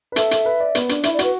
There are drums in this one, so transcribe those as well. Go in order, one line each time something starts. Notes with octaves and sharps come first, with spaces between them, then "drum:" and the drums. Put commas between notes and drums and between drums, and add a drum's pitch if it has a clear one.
B4
A4 E5, drum: hi-hat
A4, drum: hi-hat
B4
D5
B3, drum: hi-hat
D4, drum: hi-hat
E4 E5, drum: hi-hat
D5
F#4, drum: hi-hat
B4